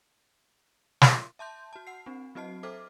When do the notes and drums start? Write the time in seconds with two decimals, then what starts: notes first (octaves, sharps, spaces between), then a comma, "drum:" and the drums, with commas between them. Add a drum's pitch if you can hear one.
1.01 drum: snare
1.39 E5 A5 C6 G6
1.73 F#4 A5
1.87 F#5 C7
2.06 C4 D4
2.35 F#3 C4 F#4 D#5 A5 C7
2.63 A4 C5 E5 D6 F6